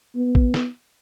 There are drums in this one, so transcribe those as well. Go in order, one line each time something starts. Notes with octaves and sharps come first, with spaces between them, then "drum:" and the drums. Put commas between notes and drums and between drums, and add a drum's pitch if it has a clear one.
B3
drum: kick
drum: snare